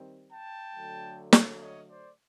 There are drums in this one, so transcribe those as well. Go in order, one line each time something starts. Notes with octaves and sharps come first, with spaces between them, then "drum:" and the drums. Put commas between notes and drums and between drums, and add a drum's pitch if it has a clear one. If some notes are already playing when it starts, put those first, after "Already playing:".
Already playing: D#3 G3 C4
G5 A5
D3 F#3 A3
drum: snare
C#5 D#5
C5 D5